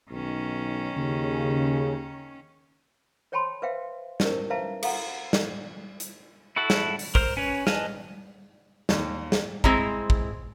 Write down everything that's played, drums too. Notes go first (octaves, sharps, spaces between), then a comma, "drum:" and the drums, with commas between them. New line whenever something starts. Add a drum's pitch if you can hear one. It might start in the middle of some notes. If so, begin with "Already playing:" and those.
B1 D#3 C#4
D#2 C#3
C5 C#5 G5 A5 B5 C6
B4 C5 E5 F5 G5
C#4 D#4 E4 G4 A#4 C5, drum: snare
B4 C5 E5 F5 A5 A#5
A4 F5 F#5 A#5, drum: cymbal
drum: snare
drum: hi-hat
E4 F#4 A4 F#5
drum: snare
drum: open hi-hat
A#4 C5 F6, drum: kick
C#4 B4 C#5
B4 D#5 G#5 A5 F6, drum: snare
D#2, drum: snare
drum: snare
G#3 C4 E4 A#5, drum: kick
drum: kick